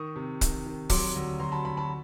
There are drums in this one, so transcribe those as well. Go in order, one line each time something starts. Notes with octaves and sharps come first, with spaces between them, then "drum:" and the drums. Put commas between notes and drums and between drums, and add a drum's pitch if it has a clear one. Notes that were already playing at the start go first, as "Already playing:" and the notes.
Already playing: D#3 C#6 D#6
C3
D#3, drum: kick, hi-hat
D#3
F#3 C6 D6, drum: kick, open hi-hat
D2
D2 A#5 C6
A5 B5
D2 A5 B5
A5 B5